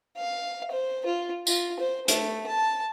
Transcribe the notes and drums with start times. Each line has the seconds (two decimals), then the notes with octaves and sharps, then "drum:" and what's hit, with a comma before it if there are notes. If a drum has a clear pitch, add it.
0.17 F5
0.71 C5
1.05 F4
1.47 F4, drum: tambourine
1.79 C5
2.08 A3, drum: hi-hat
2.46 A5